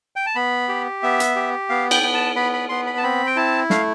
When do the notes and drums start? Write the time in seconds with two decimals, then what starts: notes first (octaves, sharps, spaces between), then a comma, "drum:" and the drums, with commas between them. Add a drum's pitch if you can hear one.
0.16 G5
0.26 A5
0.35 B3 B5
0.68 G4
1.03 B3 E5
1.20 drum: hi-hat
1.36 G4
1.69 B3 F5
1.91 G5, drum: cymbal
2.03 B3
2.14 A5
2.36 B3 B5
2.53 B5
2.69 B3 C6
2.87 B5
2.98 A5
3.04 C4 B5
3.27 G5
3.36 E4 A5
3.70 A3 F5, drum: snare